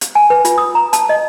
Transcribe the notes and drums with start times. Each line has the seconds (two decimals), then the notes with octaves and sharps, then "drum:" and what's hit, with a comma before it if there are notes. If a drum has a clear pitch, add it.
0.01 drum: hi-hat
0.15 G#5
0.30 B4
0.45 F4, drum: hi-hat
0.58 D#6
0.75 A#5
0.93 A5, drum: hi-hat
1.09 D#5